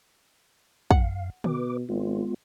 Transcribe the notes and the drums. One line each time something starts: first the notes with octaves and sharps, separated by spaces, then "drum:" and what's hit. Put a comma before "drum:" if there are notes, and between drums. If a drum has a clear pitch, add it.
F#2 F5 F#5, drum: kick
B2 B4 D6, drum: tom D3
G#1 G#3 B3 F4